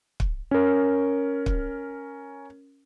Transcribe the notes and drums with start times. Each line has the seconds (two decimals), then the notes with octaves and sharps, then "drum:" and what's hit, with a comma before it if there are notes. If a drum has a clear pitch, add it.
0.20 drum: kick
0.51 C#4 A#4
1.46 drum: kick